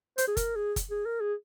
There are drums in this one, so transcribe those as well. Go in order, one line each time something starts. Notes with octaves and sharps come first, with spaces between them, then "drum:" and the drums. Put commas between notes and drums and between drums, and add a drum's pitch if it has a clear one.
C5, drum: hi-hat
G#4
A#4, drum: kick F#1, hi-hat
G#4
drum: kick F#1, hi-hat
G#4
A#4
G#4